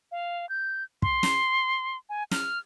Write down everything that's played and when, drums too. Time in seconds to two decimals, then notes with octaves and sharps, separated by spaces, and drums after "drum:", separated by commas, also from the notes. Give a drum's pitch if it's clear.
0.12 F5
0.49 G6
1.02 C6, drum: kick
1.23 drum: snare
2.09 G#5
2.31 F6, drum: snare